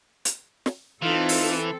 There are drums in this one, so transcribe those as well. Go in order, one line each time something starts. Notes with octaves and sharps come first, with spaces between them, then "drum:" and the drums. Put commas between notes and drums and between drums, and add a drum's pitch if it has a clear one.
drum: hi-hat
drum: snare
E3 C4 D#4 F4 A4
drum: open hi-hat